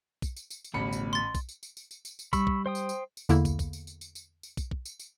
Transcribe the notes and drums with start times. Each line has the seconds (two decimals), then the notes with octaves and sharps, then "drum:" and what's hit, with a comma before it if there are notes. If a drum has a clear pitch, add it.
0.22 drum: kick, tambourine
0.36 drum: tambourine
0.50 drum: tambourine
0.64 drum: tambourine
0.74 A1 D2 B2 B5 C#7
0.93 drum: tambourine
1.13 C6 A6
1.35 drum: kick, tambourine
1.49 drum: tambourine
1.63 drum: tambourine
1.77 drum: tambourine
1.91 drum: tambourine
2.05 drum: tambourine
2.19 drum: tambourine
2.33 G3 B5 C#6 E6, drum: kick, tambourine
2.47 drum: kick
2.66 C5 G5 D#6
2.75 drum: tambourine
2.89 drum: tambourine
3.17 drum: tambourine
3.29 E2 D3 A#3 E4, drum: tambourine
3.45 drum: kick, tambourine
3.59 drum: kick, tambourine
3.73 drum: tambourine
3.87 drum: tambourine
4.01 drum: tambourine
4.15 drum: tambourine
4.43 drum: tambourine
4.57 drum: kick, tambourine
4.71 drum: kick
4.85 drum: tambourine
4.99 drum: tambourine